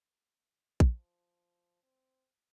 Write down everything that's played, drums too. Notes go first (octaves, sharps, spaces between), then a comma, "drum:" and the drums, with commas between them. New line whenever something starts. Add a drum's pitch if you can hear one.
F3, drum: kick A#1
C4